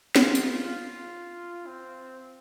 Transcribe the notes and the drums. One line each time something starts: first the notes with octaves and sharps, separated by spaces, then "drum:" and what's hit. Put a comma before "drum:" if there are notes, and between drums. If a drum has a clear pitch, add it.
F4, drum: snare
drum: tambourine
F4
C4